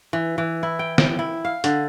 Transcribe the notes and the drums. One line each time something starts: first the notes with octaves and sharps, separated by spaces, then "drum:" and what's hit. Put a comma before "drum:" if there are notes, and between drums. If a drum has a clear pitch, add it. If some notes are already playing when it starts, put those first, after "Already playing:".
E3
E3
E4
G5
G5, drum: snare
E4
F5
D3, drum: hi-hat